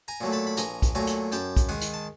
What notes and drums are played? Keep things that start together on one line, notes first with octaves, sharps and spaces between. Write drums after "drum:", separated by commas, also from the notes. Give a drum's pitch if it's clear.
G#5 A#5
A#2 F#3 A3
A5 B5
B5
A#1 G#5 A#5, drum: hi-hat
drum: kick, hi-hat
A#2 F#3 A3 G#5 A#5
drum: hi-hat
F#2 G5 A5, drum: hi-hat
drum: kick, hi-hat
D#3 G#3 F#5 G#5
drum: hi-hat
A5